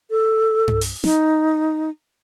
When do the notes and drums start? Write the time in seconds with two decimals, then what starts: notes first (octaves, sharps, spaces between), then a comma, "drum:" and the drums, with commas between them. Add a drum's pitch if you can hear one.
0.11 A4
0.68 drum: tom G2
0.81 drum: open hi-hat
1.04 D#4, drum: snare